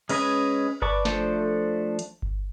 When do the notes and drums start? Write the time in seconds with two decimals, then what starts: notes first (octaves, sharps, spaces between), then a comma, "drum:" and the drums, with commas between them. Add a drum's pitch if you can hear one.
0.09 G#3 C#4 B4 D#5 G#5, drum: cymbal
0.82 B4 D5 A5 C#6 D6, drum: kick G1
1.05 F3 A3 D4 A4 C5, drum: snare
1.99 drum: hi-hat
2.22 drum: kick G1